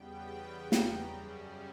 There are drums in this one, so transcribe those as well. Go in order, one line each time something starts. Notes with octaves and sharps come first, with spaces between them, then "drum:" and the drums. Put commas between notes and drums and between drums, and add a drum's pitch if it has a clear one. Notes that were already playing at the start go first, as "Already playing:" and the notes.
Already playing: E2 C#3 G3 B3 G5
G5
A#5, drum: snare
F#2 C#3 G3 C#4